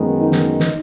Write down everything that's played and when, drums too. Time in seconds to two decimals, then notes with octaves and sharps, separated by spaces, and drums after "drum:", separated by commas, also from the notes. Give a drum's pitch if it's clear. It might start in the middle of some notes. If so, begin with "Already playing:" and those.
Already playing: F#2 D#3 G#3 B3
0.18 D#4
0.32 drum: snare
0.60 drum: snare